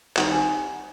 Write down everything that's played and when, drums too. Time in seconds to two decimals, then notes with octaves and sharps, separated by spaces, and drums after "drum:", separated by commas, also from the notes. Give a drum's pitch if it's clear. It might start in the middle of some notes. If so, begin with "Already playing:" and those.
0.17 D#3 G3 C4 F#5, drum: clap
0.32 G#5